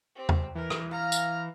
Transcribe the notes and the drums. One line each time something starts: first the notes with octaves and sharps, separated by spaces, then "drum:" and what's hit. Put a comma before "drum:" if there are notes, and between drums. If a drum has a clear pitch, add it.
C4 G4
drum: tom E2
E3 A#4
drum: rim click
F5 A#5 F6
drum: tambourine